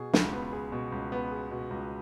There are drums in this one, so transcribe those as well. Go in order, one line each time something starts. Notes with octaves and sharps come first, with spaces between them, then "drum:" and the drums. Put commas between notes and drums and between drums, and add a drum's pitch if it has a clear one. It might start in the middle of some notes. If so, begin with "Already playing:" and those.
Already playing: B2 G#4
C#2, drum: snare
B3
G#4
B2
C#2
B3
G#4
B2
C#2